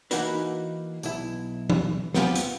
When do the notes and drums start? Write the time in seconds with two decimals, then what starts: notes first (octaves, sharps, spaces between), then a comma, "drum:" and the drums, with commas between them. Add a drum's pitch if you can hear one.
0.11 E3 A#3 D#4 E4 F#4 B4, drum: hi-hat
1.03 B1 E4, drum: tambourine
1.70 drum: tom E3
2.14 B3 C4 E4 F4 G4 G#5, drum: snare
2.35 drum: hi-hat